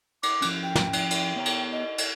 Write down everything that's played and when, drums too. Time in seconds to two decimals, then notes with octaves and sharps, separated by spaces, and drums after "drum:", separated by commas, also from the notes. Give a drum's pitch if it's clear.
0.23 D6, drum: cymbal
0.42 F3 C#4, drum: cymbal
0.63 G5
0.76 drum: snare
0.93 drum: cymbal
1.11 drum: cymbal
1.36 B3 C#5 A#5
1.46 drum: cymbal
1.72 D#5
1.98 drum: cymbal